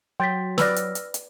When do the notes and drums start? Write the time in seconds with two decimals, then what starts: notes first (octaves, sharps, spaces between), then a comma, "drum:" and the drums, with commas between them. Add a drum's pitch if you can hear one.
0.20 F#3 G5 C6 A6 B6
0.58 B4 D5 E6 F6 A#6, drum: snare
0.76 drum: hi-hat
0.95 drum: hi-hat
1.14 drum: hi-hat